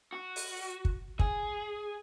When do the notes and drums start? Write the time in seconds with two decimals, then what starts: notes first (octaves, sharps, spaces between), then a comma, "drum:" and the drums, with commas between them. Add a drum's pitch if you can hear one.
0.12 F#4
0.36 drum: open hi-hat
0.85 drum: kick
1.19 G#4, drum: kick